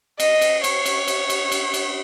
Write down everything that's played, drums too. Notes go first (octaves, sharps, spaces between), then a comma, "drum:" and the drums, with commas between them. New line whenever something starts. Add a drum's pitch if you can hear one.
D#5, drum: cymbal
drum: cymbal
C#5, drum: cymbal
drum: cymbal
drum: cymbal
drum: cymbal
drum: cymbal
drum: cymbal